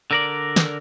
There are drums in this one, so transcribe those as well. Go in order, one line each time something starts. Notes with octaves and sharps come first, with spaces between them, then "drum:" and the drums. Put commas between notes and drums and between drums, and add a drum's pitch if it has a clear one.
D3 A#4 D5
drum: snare